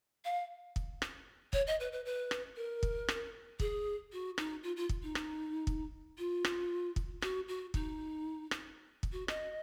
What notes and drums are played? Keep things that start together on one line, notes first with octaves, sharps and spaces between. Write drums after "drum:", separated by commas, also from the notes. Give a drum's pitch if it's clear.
F5
drum: kick
drum: rim click
C#5, drum: kick
D#5
B4
B4
B4
drum: rim click
A#4
drum: kick
drum: rim click
G#4, drum: kick
F#4
D#4, drum: rim click
F4
F4
drum: kick
D#4
drum: rim click
drum: kick
F4
drum: rim click
drum: kick
F#4, drum: rim click
F#4
D#4, drum: kick
drum: rim click
drum: kick
F#4
D#5, drum: rim click